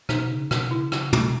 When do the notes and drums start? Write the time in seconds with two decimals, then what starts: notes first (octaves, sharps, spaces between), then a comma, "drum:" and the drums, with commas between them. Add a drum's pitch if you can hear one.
0.09 B2 D#4, drum: rim click
0.30 C#3
0.51 B2, drum: rim click
0.71 C#3 E4
0.92 drum: rim click
1.13 drum: tom